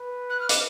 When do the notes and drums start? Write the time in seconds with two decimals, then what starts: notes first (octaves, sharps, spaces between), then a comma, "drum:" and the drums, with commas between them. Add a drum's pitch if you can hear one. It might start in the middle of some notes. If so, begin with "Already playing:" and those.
Already playing: B4
0.29 F#6
0.40 F6
0.49 D6, drum: hi-hat